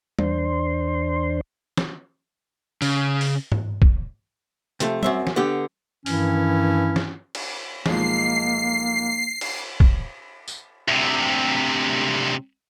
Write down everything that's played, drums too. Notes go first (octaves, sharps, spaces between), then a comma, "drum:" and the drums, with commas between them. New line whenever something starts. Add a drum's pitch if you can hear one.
E2 D4 C5 C6, drum: tom G3
drum: snare
C#3, drum: open hi-hat
drum: open hi-hat
drum: tom
drum: kick
C3 F3 A3, drum: hi-hat
F#2 C4 E5, drum: tom G3
drum: snare
D3 B3 G4
G2 D#3 E3 C#4 E4, drum: open hi-hat
drum: snare
drum: cymbal
B1 F3 G#3 A#3 C7, drum: snare
drum: cymbal
drum: kick
drum: tambourine
D2 C3